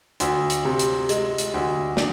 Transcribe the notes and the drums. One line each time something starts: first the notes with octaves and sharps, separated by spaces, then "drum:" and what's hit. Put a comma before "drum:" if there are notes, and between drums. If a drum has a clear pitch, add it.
D2, drum: hi-hat
drum: hi-hat
C3
drum: hi-hat
G#3, drum: hi-hat
drum: hi-hat
D2
D4, drum: snare